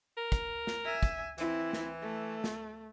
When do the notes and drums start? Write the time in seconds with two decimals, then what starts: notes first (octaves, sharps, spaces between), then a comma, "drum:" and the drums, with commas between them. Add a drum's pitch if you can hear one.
0.17 A#4
0.32 drum: kick, hi-hat
0.67 drum: snare
0.85 E5 G#5
1.03 drum: kick, hi-hat
1.38 E3 C4 E4, drum: hi-hat
1.73 drum: snare
2.02 A3
2.44 drum: snare